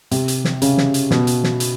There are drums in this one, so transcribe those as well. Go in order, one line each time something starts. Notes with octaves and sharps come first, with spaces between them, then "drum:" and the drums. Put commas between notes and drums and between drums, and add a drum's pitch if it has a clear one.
C3, drum: hi-hat
drum: hi-hat
drum: snare
C#3, drum: hi-hat
drum: snare
drum: hi-hat
B2, drum: snare
drum: hi-hat
drum: snare
drum: hi-hat